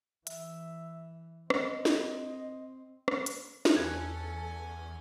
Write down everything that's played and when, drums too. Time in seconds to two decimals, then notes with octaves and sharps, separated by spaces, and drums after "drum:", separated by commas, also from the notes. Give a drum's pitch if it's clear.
0.27 E3 E5, drum: hi-hat
1.50 C4 D#5, drum: rim click
1.85 drum: snare
3.08 drum: rim click
3.26 drum: hi-hat
3.65 drum: snare
3.76 E2 C#4 A4 G#5 F#6 G#6